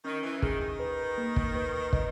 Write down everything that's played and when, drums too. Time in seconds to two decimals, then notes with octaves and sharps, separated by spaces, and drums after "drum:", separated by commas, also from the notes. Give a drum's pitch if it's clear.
0.04 D#3 C#4
0.23 E3
0.42 D#3 G#4, drum: kick
0.61 D#3
0.80 B4
1.18 A#3
1.36 drum: kick
1.55 B4
1.93 D#5, drum: kick